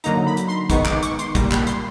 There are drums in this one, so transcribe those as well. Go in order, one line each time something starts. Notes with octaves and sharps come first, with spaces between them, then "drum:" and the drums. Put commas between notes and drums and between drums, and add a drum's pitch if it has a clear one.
D3 F#3 A#3 D#4 A#5, drum: hi-hat
B5
drum: hi-hat
C6
D#3 G#3 B3 D#4 C#6, drum: kick, hi-hat
D6, drum: clap
C#6, drum: hi-hat
C6, drum: hi-hat
A#2 G3 A#3, drum: kick, hi-hat
B5, drum: clap
C6, drum: hi-hat